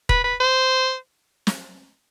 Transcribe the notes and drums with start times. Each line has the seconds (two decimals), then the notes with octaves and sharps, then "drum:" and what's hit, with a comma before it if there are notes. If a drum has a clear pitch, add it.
0.09 B4, drum: kick
0.24 B4
0.40 C5
1.47 drum: snare